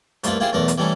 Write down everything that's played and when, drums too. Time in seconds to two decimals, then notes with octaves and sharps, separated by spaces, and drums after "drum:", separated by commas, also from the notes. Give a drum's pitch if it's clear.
0.24 C2 A3 A#3 F4 B4, drum: hi-hat
0.40 A#3 E4 F4 G4 G#4 C5
0.53 B1 E2 A3 A#4 B4
0.68 drum: hi-hat
0.78 E3 G3 A3 C#4 A4